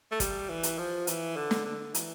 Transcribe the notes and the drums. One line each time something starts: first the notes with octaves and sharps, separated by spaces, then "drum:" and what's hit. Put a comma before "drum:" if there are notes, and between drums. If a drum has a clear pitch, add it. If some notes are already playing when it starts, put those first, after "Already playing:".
A3
G3, drum: kick, hi-hat
E3
drum: hi-hat
F3
E3, drum: hi-hat
D3
drum: snare
D3
E3, drum: hi-hat